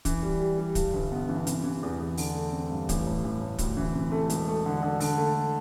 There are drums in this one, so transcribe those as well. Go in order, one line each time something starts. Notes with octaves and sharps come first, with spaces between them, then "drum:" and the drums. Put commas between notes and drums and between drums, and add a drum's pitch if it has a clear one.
E3, drum: kick, hi-hat
G3
G3
G3
G2, drum: kick, hi-hat
G1
B3
E3
C3, drum: hi-hat
E3
E2
E2
D3, drum: open hi-hat
A3
C4
G2
A1, drum: kick, hi-hat
A2
A1
A2
D2, drum: kick, hi-hat
E3
C3
A3
E1, drum: hi-hat
A3
D3
D3
D3, drum: open hi-hat
A3